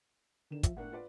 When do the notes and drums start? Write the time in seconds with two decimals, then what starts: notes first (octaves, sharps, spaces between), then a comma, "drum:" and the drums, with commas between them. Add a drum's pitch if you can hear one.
0.51 D3 D#3 E7
0.63 F3 E5, drum: kick, hi-hat
0.77 A2 A#3 D4 F#5
0.93 F4 B4 D5